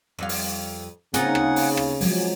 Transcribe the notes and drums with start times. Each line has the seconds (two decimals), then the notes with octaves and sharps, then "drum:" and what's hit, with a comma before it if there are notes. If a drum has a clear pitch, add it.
0.19 F2 G3 F5
0.29 drum: open hi-hat
1.14 C#3 A#3 C4 D#4 F4 G#4 F#5, drum: hi-hat
1.35 drum: rim click
1.56 drum: open hi-hat
1.77 drum: rim click
2.01 F3 F#3 G#3 G#4 G#5, drum: open hi-hat